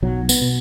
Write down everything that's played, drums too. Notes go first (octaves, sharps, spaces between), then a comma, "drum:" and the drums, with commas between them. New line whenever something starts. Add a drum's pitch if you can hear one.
B1 F#3
B3, drum: tambourine
B2